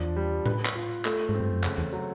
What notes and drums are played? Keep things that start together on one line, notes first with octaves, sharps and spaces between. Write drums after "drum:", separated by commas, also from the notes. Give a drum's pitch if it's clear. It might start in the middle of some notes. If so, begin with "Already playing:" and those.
Already playing: E2 F3 D4
G3
B4, drum: tom A2
drum: clap
F4
A3, drum: clap
G#2
C4
G2
F#2
F2 C#3, drum: clap
E2
F#3